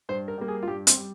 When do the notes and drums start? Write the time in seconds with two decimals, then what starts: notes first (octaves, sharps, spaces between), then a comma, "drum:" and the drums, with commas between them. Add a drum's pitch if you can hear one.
0.09 G2 C5
0.28 A#4
0.38 G3 A#3
0.48 G#4
0.63 F4
0.67 G2 G4
0.87 C4, drum: hi-hat
0.97 G3